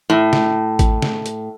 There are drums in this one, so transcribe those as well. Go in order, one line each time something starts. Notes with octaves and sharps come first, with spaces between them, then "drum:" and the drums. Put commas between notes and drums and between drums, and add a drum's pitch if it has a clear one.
A2
drum: snare
drum: kick A1, hi-hat
drum: snare
drum: hi-hat